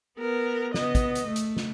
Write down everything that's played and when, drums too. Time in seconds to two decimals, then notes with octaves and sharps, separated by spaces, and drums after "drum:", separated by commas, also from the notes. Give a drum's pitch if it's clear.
0.18 B3 A#4
0.74 B3 D#5, drum: snare
0.95 drum: kick, hi-hat
1.15 drum: hi-hat
1.27 A3
1.36 drum: hi-hat
1.56 drum: snare